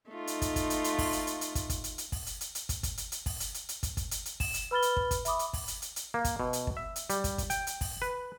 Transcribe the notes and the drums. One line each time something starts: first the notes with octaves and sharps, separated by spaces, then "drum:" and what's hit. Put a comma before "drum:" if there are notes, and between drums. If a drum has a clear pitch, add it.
A3 D#4 F4
drum: hi-hat
drum: kick, hi-hat
drum: kick, hi-hat
drum: hi-hat
drum: hi-hat
drum: kick, open hi-hat
drum: hi-hat
drum: hi-hat
drum: hi-hat
drum: kick, hi-hat
drum: kick, hi-hat
drum: hi-hat
drum: hi-hat
drum: kick, open hi-hat
drum: hi-hat
drum: hi-hat
drum: hi-hat
drum: kick, hi-hat
drum: kick, hi-hat
drum: hi-hat
drum: hi-hat
drum: kick, open hi-hat
drum: hi-hat
drum: hi-hat
drum: hi-hat
drum: kick, hi-hat
drum: kick, hi-hat
drum: hi-hat
drum: hi-hat
E7, drum: kick, open hi-hat
drum: hi-hat
B4 B5 F6 A6 G7
drum: hi-hat
drum: kick
drum: kick, hi-hat
E5 B5 D6 D#6, drum: hi-hat
drum: hi-hat
drum: kick, open hi-hat
drum: hi-hat
drum: hi-hat
drum: hi-hat
A#3
drum: kick, hi-hat
B2
drum: hi-hat
drum: kick
E5
drum: hi-hat
G3, drum: hi-hat
drum: kick, hi-hat
drum: kick, hi-hat
G5, drum: hi-hat
drum: hi-hat
drum: kick, open hi-hat
B4